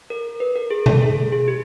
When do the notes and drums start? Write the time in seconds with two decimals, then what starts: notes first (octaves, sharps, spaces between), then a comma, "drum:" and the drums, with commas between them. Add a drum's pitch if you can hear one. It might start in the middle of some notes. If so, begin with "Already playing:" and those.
0.10 A#4
0.40 B4
0.56 A#4
0.71 G#4
0.86 A4, drum: tom B2
1.02 G#4
1.32 G#4
1.48 G4